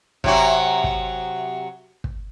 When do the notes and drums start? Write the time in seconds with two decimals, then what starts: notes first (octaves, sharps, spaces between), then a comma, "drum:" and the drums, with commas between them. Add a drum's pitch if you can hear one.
0.24 C3 F#3 F#4, drum: kick
0.84 drum: kick
2.04 drum: kick